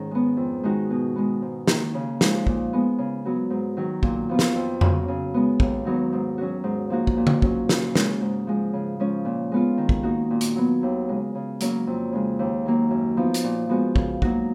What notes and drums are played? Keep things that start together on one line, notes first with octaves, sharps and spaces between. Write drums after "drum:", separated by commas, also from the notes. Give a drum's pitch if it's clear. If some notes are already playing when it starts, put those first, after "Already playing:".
Already playing: G#2 D#3 C#4
G#3 B3
F2
D#3 G#3 D#4 F#4
B2
G#3 B3
G#2
D#3 A#3, drum: snare
C#3
F3 G#3 D#4, drum: snare
A#2, drum: kick
G#3 B3
C#3
F#3 B3 F#4
G#2
D#3 F#3
A#2, drum: kick
F3 B3 F4
drum: snare
F2
C#3 F#3 C#4 F#4, drum: tom F2
C#3
G#3 B3
D#2, drum: kick
D#3 F#3 B3 D#4
G#2
F#3 C#4 F#4
G#2
F3 A#3 D#4 F#4
drum: kick
A#2
drum: tom D3
F#3 C#4, drum: kick
C#3, drum: snare
G#3 C#4, drum: snare
G#2
F3 G#3
C#3
F3 G#3 C#4
A#2
G#3 B3 F4
D#3
drum: kick
A#3 D#4 F#4
A#2
drum: hi-hat
F#3 B3
D#2
C#3 G#3
C#3
F#3 A#3 C#4, drum: hi-hat
F2
C#3 G#3
D#2
D#3 F#3 A#3
F#2
F3 B3 D#4
drum: hi-hat
A#2
F3 G#3 B3 F#4
C#3, drum: kick
F#3 A#3 D#4 F#4, drum: kick